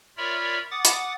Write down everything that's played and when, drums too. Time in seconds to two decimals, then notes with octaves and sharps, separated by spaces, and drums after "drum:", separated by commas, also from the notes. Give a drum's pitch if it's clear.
0.17 F4 A#4 C#5 D5 E5 B5
0.71 F#5 D6 D#6 A6
0.85 drum: hi-hat